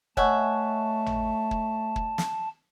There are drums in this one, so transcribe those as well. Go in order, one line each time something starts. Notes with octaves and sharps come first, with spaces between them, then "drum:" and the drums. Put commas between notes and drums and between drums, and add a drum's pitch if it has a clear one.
A3 C#5 D#5 E5 F#5 G#5 A5 C#6, drum: kick
drum: tom
drum: kick
drum: kick
drum: snare